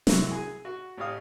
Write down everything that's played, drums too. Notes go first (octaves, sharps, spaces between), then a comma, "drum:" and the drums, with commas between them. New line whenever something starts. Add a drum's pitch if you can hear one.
C2 F#2 E3 F#3 E4 F#4, drum: snare
G#4 G#5
F#4
A1 G4 C#5 F5 D#6